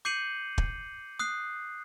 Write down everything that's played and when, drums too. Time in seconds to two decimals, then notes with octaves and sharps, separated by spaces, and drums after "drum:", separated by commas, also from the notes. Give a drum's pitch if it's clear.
0.05 D6 G6 C7 C#7 D#7 F#7
0.58 drum: kick
1.19 D#6 F#6 C7